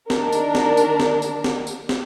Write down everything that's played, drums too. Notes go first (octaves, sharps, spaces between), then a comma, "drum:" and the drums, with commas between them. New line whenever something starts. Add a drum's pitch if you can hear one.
D#3 D4 A#4, drum: snare
drum: tambourine
drum: snare
drum: tambourine
drum: snare
drum: tambourine
drum: snare
drum: tambourine
drum: snare